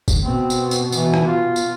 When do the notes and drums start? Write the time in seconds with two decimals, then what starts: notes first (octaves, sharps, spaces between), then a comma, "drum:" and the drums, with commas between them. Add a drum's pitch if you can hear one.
0.08 drum: kick, tambourine
0.23 B2 C4
0.50 drum: tambourine
0.71 drum: tambourine
0.92 E3, drum: tambourine
1.14 drum: rim click
1.27 F4
1.56 drum: tambourine